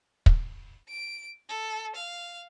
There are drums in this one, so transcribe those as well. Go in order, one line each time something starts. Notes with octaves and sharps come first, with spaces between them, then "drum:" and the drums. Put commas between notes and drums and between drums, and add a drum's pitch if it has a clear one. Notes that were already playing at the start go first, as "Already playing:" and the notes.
drum: kick
D7
A4
F5